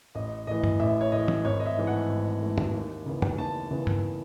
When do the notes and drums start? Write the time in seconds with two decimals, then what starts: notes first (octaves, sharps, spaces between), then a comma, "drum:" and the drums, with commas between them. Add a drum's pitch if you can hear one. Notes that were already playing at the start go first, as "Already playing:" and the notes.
0.15 A1 D#5
0.47 A2 E3 D#5
0.64 drum: tom
0.80 A1 E5
1.01 C#5
1.12 A2 E3 D#5
1.28 drum: tom
1.45 G#1 C#5
1.60 D#5
1.66 E5
1.77 G#2 E3 A3
1.87 F#5
2.08 G#1
2.42 G#2 E3 A3
2.58 drum: tom
2.74 D#2
3.06 C#3 E3 B3
3.22 drum: tom
3.38 D#2 A5
3.71 C#3 E3 B3
3.87 drum: tom